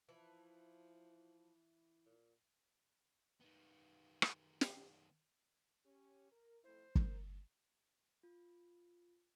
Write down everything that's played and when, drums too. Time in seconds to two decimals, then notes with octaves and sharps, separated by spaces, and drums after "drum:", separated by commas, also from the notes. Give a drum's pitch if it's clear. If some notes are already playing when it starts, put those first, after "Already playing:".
0.09 E3 F3 A5
2.06 A#2
3.40 D#3 B3
4.22 drum: rim click
4.61 drum: snare
5.85 C#4 G4
6.31 A#4
6.64 F2 A3 E4 C5
6.95 A#4, drum: kick
8.23 F4